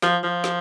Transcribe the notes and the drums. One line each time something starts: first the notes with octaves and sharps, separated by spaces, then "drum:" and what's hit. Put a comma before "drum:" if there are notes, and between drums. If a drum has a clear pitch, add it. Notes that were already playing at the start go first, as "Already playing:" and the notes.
F3, drum: snare
F3
drum: snare